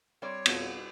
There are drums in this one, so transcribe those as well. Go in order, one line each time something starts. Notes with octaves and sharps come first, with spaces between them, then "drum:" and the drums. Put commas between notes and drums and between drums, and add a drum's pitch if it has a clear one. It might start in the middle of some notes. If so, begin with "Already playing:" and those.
G3 C4 C#5 D5
F2 B2 F3, drum: cymbal